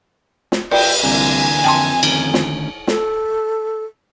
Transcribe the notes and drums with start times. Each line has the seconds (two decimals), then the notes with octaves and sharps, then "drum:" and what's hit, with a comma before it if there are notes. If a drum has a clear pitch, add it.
0.52 drum: snare
0.71 D5 G5, drum: cymbal
1.03 C2 D3 E3 A#3 G#5
1.64 F2 G5 A5 C6
2.03 D2 D#3 C#4, drum: cymbal
2.34 drum: snare
2.87 A4, drum: snare